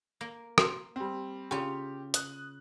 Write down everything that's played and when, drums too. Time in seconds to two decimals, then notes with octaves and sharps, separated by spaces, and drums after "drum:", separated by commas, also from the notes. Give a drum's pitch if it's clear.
0.21 A#3
0.58 C6, drum: rim click
0.96 G3 C4
1.51 C#3 F4 G4
2.14 D#6 F#6, drum: hi-hat